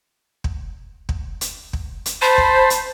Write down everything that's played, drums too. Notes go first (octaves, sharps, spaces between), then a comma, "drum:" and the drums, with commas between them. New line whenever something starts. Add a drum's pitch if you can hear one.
drum: kick
drum: kick
drum: hi-hat
drum: kick
drum: hi-hat
C5 A5 B5 C6
drum: kick
drum: hi-hat